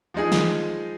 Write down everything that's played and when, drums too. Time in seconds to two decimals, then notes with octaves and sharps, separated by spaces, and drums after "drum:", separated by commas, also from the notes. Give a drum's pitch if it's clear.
0.14 F3 G#3 D#4 G#4
0.32 drum: snare